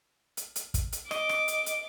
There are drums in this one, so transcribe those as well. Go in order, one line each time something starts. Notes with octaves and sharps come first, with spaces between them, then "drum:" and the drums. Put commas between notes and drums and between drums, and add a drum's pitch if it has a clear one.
drum: hi-hat
drum: hi-hat
drum: kick, hi-hat
drum: hi-hat
D#5 D6, drum: rim click
drum: rim click
drum: hi-hat
drum: hi-hat